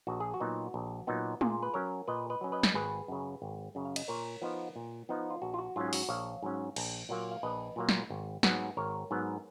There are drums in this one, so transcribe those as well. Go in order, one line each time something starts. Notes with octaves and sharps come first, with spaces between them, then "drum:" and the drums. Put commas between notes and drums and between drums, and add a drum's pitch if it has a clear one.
A#1 F#4
G#4
F#4
A#2 F#3 B3 D#4
A#1
A#2 F#3 B3 D#4
A#2 F4 G#4, drum: tom G#3
B4
F#3 C#4 A#4 C#5
A#2 B4 D#5
B4 D#5
F#3 C#4
B4 D#5
drum: snare
G#1 G#4 B4
F#2 C#3
G#1
F#2 C#3
F5
D#5, drum: cymbal
A#2 A#4 C#5
F3 B3 D#4
A#2
F3 B3 D#4
F4
A#1 F#4
F4
F#4
G#2 F#3 C#4 F4
G#4
F#4, drum: open hi-hat
A#1 C#5 F5
G#2 F#3 C#4
A#1, drum: cymbal
A#2 F#3 A#3
F5
A#1 B4 D#5
A#2 F#3 A#3
drum: snare
G#1
G#2 F#3 B3, drum: snare
G#1 A#4 C#5
G#2 F#3 B3